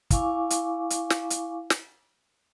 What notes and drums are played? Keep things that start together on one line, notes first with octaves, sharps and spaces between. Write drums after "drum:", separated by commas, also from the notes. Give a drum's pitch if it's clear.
E4 F5 G#5 C#6 D6, drum: kick, hi-hat
drum: hi-hat
drum: hi-hat
drum: snare
drum: hi-hat
drum: snare